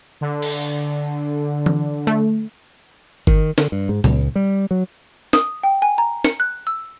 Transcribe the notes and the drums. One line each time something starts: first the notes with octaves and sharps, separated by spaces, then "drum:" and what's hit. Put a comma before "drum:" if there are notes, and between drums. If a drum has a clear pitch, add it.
D3
drum: cymbal
drum: tom E3
A3
D#3, drum: kick G1
D3, drum: snare
G2
G#2
C#2, drum: tom A#2
G3
F#3
D#6, drum: snare
G5
G#5
A#5
C#7, drum: snare
F#6
E6